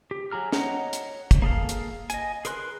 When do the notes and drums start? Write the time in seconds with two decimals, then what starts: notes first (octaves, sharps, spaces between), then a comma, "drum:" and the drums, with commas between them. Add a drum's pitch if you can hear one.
0.11 G4
0.31 F#3 G#4 A#5 F6
0.52 C#5 D#5 F#5 A#5, drum: snare
0.93 drum: hi-hat
1.31 drum: kick, hi-hat
1.42 A#3 G#4 A4 F5
1.69 drum: hi-hat
2.10 D#5 G#5, drum: hi-hat
2.45 G#4 A#4 B4 C6 F#6, drum: hi-hat